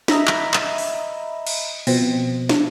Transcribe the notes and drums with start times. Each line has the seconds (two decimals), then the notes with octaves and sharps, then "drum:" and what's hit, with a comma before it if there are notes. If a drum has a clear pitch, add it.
0.08 D#5 E5 A#5 B5, drum: snare
0.27 drum: clap
0.54 drum: clap
0.78 drum: open hi-hat
1.47 drum: cymbal
1.87 B2 F3 C4, drum: cymbal
2.49 drum: snare